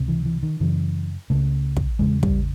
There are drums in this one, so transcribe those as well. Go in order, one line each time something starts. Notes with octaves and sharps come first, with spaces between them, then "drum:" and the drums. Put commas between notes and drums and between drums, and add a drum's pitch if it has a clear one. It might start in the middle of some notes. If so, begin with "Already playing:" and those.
Already playing: C#2 C3
E3
E3
D#3
F#2 C#3 E3
C#2 C#3 A3
drum: kick
E2 C#3 G#3
G3, drum: kick